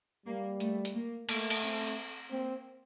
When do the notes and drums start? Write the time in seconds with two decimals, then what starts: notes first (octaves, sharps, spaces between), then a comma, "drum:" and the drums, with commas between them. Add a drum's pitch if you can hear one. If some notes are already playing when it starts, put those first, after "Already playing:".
0.26 G3 A#3
0.60 A3, drum: hi-hat
0.85 drum: hi-hat
0.94 A#3
1.29 A3 A#3, drum: cymbal
1.50 drum: cymbal
1.63 C4
1.87 drum: hi-hat
2.31 A#3 C4